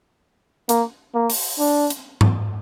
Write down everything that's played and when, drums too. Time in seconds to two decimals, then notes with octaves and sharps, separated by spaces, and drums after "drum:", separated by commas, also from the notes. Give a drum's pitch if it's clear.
0.69 A#3, drum: hi-hat
1.15 A#3
1.30 drum: open hi-hat
1.59 D4
1.90 drum: hi-hat
2.21 drum: tom G#2